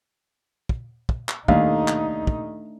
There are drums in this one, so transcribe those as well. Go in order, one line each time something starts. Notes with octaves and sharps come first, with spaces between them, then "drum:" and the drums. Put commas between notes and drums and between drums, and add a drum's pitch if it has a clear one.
drum: kick
drum: kick
drum: clap
D#2 A3 D4 D#4 F5, drum: kick
drum: clap
drum: kick